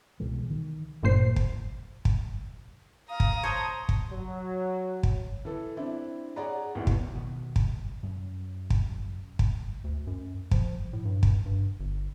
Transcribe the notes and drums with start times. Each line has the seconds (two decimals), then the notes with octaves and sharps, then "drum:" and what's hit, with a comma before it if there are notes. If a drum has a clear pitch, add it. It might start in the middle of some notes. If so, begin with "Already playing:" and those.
0.20 C2 B2 E3 G#3
0.51 D#3
1.03 G#1 G2 A#2 C5 C7
1.36 drum: kick
2.05 drum: kick
3.10 F5 A#5 D#6
3.20 drum: kick
3.43 C5 C#5 A5
3.89 drum: kick
4.10 F#3
5.03 drum: kick
5.45 E3 A4
5.77 C4 D4 E4
6.36 G#4 C#5 D5 F#5 A#5
6.75 A1 D#2 B2
6.87 drum: kick
7.15 B2 D#3 B3
7.56 drum: kick
8.03 F#2
8.70 drum: kick
9.39 drum: kick
9.84 D2
10.07 F#2
10.51 F3, drum: kick
10.93 A2
11.05 G2
11.23 drum: kick
11.46 G2
11.80 G1